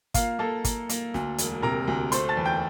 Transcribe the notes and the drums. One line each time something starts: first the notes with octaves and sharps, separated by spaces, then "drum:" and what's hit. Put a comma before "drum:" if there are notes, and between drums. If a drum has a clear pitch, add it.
A#3 F4 F5, drum: kick, hi-hat
A#3 A4 A5
A#3, drum: kick, hi-hat
A#3, drum: hi-hat
D2, drum: snare
E1, drum: hi-hat
C3 A#4 A#5
D2
A3 C5 C6, drum: hi-hat
A5 A6
E2
G5 G6